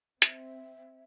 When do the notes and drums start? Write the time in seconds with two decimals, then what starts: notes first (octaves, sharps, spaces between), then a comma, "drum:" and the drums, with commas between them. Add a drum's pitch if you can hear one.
0.22 C4 E5, drum: hi-hat